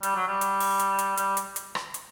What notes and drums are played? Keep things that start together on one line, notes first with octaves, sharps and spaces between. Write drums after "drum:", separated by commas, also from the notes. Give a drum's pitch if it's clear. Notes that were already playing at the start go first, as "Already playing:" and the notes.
G3, drum: hi-hat
F#3
G3
drum: hi-hat
drum: open hi-hat
drum: hi-hat
drum: hi-hat
G3, drum: hi-hat
drum: hi-hat
drum: hi-hat
drum: rim click
drum: hi-hat